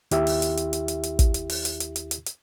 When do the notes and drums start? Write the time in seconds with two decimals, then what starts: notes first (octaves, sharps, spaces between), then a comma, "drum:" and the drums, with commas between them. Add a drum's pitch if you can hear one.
0.11 D#2 E4 G4 E5, drum: hi-hat
0.27 drum: open hi-hat
0.42 drum: hi-hat
0.57 drum: hi-hat
0.73 drum: hi-hat
0.88 drum: hi-hat
1.03 drum: hi-hat
1.19 drum: kick, hi-hat
1.34 drum: hi-hat
1.50 drum: open hi-hat
1.65 drum: hi-hat
1.80 drum: hi-hat
1.96 drum: hi-hat
2.11 drum: hi-hat
2.26 drum: hi-hat